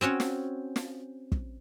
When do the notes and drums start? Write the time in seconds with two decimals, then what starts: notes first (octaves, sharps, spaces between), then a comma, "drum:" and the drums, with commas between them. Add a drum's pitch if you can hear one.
0.01 C4 C#4 F#4 C#5
0.20 drum: snare
0.76 drum: snare
1.32 drum: kick